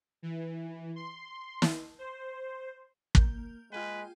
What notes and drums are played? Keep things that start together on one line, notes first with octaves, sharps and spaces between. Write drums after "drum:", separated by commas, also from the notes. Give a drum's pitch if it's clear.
E3
C6
drum: snare
C5
A#3 G6, drum: kick
G#3 F4 G#4 B4 G5